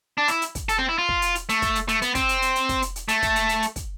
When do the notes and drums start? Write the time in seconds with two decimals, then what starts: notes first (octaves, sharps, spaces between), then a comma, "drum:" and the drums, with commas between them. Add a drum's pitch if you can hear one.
0.18 D4
0.28 E4, drum: hi-hat
0.42 drum: hi-hat
0.55 drum: kick, hi-hat
0.69 A4, drum: hi-hat
0.79 C4
0.89 E4
0.99 F4
1.09 drum: kick
1.22 drum: hi-hat
1.35 drum: hi-hat
1.49 A3, drum: hi-hat
1.62 drum: kick, hi-hat
1.75 drum: hi-hat
1.88 A3, drum: hi-hat
2.02 B3, drum: hi-hat
2.15 C4, drum: kick, hi-hat
2.29 drum: hi-hat
2.42 drum: hi-hat
2.56 drum: hi-hat
2.69 drum: kick, hi-hat
2.82 drum: hi-hat
2.96 drum: hi-hat
3.08 A3, drum: hi-hat
3.22 drum: kick, hi-hat
3.36 drum: hi-hat
3.49 drum: hi-hat
3.62 drum: hi-hat
3.76 drum: kick, hi-hat